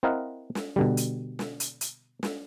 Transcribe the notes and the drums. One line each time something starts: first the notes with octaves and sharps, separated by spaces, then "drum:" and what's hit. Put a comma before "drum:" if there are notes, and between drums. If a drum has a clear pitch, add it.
C4 E4 A#4 D#5 F5 F#5
drum: snare
B2 D3 G3
drum: hi-hat
drum: snare
drum: hi-hat
drum: hi-hat
drum: snare